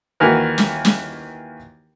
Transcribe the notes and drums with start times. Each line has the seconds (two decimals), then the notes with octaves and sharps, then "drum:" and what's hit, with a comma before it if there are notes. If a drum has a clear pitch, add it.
0.20 D#2 E3 F#4 A#4 B4
0.58 drum: snare
0.85 drum: snare